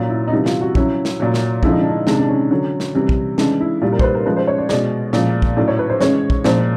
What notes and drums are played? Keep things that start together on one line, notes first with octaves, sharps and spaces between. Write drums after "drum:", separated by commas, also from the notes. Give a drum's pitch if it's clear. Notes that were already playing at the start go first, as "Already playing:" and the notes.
Already playing: A#2 F#3 F4
E4
D#4
C3 E3 G3 E4
F4, drum: snare
F#4
C#3 F#3 E4, drum: kick
drum: snare
A#2 F#3
drum: snare
D3 F3 G#3 E4, drum: kick
D#4
D4
D#4
C3 D#3 G#3 D4, drum: snare
D4
C#4
D3 F#3
drum: snare
C3 E3 G3
drum: kick
C#3 E3 G#3 D4, drum: snare
E4
A#2 G3 F4
A#4
C5, drum: kick
B4
A#4
C#3 F3 G#3 B4
C5
C#5
D5
B2 G#3 D5, drum: snare
A#2 F3 G#3, drum: snare
drum: kick
A2 F#3 D5
C#5
B4
C5
C#3 E3 G#3 C#5, drum: snare
drum: kick
A#2 F3 G#3 C5, drum: snare